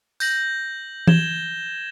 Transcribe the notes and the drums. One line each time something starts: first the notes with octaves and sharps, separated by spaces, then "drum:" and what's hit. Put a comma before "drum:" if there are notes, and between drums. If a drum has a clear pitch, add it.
G6 A#6 F#7, drum: tambourine
G#6 E7 G7, drum: tom E3